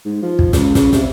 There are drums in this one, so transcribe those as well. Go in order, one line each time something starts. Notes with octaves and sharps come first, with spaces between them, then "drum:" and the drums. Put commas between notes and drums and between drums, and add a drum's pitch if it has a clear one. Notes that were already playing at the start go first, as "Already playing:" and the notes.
G#2
F3
drum: kick
C#2, drum: snare
C#3, drum: snare
C3, drum: snare